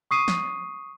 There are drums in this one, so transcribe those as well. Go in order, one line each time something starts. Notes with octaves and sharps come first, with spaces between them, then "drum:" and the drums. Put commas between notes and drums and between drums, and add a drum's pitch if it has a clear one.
C#6 D#6 C7 D#7
drum: snare